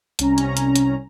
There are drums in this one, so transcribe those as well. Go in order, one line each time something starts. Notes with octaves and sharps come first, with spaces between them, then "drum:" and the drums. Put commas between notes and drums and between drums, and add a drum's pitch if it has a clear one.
C2 C#4 A#5, drum: hi-hat
drum: hi-hat
drum: hi-hat
drum: hi-hat